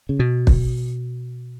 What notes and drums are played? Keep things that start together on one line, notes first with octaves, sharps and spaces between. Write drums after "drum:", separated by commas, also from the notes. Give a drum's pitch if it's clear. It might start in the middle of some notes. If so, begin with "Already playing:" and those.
C#3
B2
drum: kick